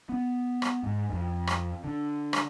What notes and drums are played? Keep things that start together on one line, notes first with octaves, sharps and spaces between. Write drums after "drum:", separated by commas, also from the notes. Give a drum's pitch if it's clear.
B3
drum: rim click
G#2
F2
drum: rim click
D3
drum: rim click